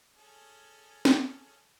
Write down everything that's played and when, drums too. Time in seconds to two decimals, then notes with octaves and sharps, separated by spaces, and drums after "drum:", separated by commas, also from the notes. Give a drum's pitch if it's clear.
0.18 C#4 G#4 A4
1.05 drum: snare